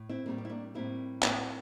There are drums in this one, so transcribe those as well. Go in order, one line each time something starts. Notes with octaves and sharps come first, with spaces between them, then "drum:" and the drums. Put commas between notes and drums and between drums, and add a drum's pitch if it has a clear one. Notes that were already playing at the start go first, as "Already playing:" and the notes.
Already playing: A2
C4 E4
A2 G3 A#3 C4
C4
E4
A#3 D4
A2 G3 A#3 C4 E4
A2 G3 A#3 C4 E4, drum: clap